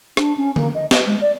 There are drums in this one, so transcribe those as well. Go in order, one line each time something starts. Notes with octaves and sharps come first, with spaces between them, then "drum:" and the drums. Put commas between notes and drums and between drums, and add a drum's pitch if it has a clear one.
D4, drum: rim click
C#4
A#3, drum: tom D3
D#5
D#5, drum: snare
G#3
D5